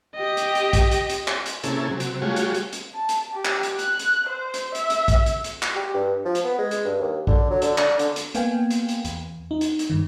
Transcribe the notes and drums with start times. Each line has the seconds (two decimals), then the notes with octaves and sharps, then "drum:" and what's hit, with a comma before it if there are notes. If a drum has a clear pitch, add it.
0.16 G4 D#5
0.37 drum: hi-hat
0.55 drum: hi-hat
0.73 drum: kick, hi-hat
0.91 drum: hi-hat
1.09 drum: hi-hat
1.28 drum: clap
1.46 drum: hi-hat
1.63 C3 A#3 C#4 E4 G#4 A4, drum: hi-hat
1.90 C3 F#3
2.00 drum: hi-hat
2.22 G3 A3 F4 F#4 G#4 C#5
2.36 drum: hi-hat
2.54 drum: hi-hat
2.73 drum: hi-hat
2.95 A5
3.09 drum: hi-hat
3.33 G4
3.45 drum: clap
3.63 drum: hi-hat
3.79 F#6, drum: hi-hat
3.99 drum: hi-hat
4.29 C5
4.54 drum: hi-hat
4.75 E5, drum: hi-hat
4.90 drum: hi-hat
5.08 drum: kick, hi-hat
5.26 drum: hi-hat
5.44 drum: hi-hat
5.62 drum: clap
5.76 G4
5.94 G2
6.25 F3
6.35 drum: hi-hat
6.44 B3
6.58 G#3
6.71 drum: hi-hat
6.85 G2
6.99 D#2
7.27 D3, drum: kick
7.50 F#3
7.62 D3, drum: hi-hat
7.78 D4, drum: clap
7.99 D3, drum: hi-hat
8.16 drum: hi-hat
8.35 A#3 B3 F5 G5 G#5, drum: hi-hat
8.70 drum: hi-hat
8.89 drum: hi-hat
9.05 E2, drum: hi-hat
9.51 D#4
9.61 drum: hi-hat
9.79 drum: hi-hat
9.90 G2 D#3